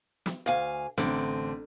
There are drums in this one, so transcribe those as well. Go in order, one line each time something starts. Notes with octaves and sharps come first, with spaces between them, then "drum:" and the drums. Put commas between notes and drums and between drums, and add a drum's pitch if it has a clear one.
drum: snare
D2 F5 G#5
A1 D3 C4, drum: snare